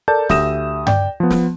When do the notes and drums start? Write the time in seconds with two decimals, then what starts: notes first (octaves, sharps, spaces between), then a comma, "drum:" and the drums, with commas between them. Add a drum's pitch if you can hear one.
0.08 A4 A#4 D5 A5 G6
0.29 D2 G4 E5 D#6 A#6 E7, drum: snare
0.87 D5 G5, drum: tom G2
1.20 F3 B3
1.30 drum: snare